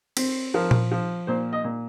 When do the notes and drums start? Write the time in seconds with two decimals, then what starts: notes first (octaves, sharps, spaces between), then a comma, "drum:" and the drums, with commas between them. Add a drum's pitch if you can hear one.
0.17 C4, drum: cymbal
0.54 F3 A#4
0.71 drum: tom A#2
0.92 F3
1.27 A#2 C5
1.53 D#5
1.64 A#2